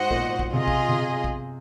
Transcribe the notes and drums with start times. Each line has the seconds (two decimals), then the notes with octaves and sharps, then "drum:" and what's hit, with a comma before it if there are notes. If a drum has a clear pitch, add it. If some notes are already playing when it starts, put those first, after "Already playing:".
Already playing: G#2 F#4 C5 D#5 F#5
0.11 A#2, drum: kick
0.39 drum: kick
0.53 C3 F4 G#4 D#5
0.68 drum: kick
0.89 C3
1.24 drum: kick